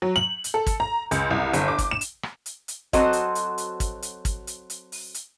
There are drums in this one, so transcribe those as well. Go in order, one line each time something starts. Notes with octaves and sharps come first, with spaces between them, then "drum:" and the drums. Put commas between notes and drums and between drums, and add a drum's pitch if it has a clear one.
F#3
F#7
drum: hi-hat
A4
drum: kick, hi-hat
A#5
C#2, drum: hi-hat
C2
G1, drum: hi-hat
D6
drum: kick, hi-hat
E7
drum: hi-hat
drum: rim click
drum: hi-hat
drum: hi-hat
F#3 C4 F#4 A4 C5 D#5, drum: kick, hi-hat
drum: hi-hat
drum: hi-hat
drum: hi-hat
drum: kick, hi-hat
drum: hi-hat
drum: kick, hi-hat
drum: hi-hat
drum: hi-hat
drum: open hi-hat
drum: hi-hat